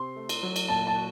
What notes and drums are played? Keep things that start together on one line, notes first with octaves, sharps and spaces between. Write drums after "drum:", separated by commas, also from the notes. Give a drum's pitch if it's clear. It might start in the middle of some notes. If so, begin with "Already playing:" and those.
Already playing: C3 C4 C6
A3
drum: cymbal
F#3
drum: cymbal
A#2 A5
A5
F#4